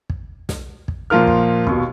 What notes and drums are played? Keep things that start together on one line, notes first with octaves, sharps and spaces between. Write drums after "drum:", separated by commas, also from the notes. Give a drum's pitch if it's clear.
drum: kick
drum: snare
drum: kick
A#2 F3 F4 A#4 F6
drum: kick
D#2 B2, drum: kick